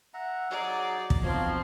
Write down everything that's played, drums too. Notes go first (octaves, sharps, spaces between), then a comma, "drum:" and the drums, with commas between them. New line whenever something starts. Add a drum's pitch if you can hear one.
E5 F#5 A#5
F#3 D#4 G#4 D5
drum: kick
B1 F3 C4 C#5